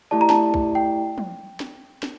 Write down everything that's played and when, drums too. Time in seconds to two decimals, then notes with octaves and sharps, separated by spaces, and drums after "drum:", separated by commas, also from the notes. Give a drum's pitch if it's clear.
0.11 A3 E4 G4 D5 A5
0.21 A#5
0.30 A5, drum: snare
0.54 drum: kick
0.75 G5
1.18 drum: tom
1.60 drum: snare
2.03 drum: snare